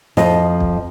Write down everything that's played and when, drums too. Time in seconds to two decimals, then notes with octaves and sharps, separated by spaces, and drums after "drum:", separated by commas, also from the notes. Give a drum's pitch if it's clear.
0.17 F2 F3 D#5, drum: snare
0.60 drum: kick